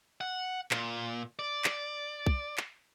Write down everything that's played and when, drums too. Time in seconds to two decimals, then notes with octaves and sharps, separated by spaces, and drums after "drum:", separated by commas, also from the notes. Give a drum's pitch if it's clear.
0.21 F#5
0.71 A#2, drum: clap
1.39 D5
1.64 drum: clap
2.26 drum: kick
2.58 drum: clap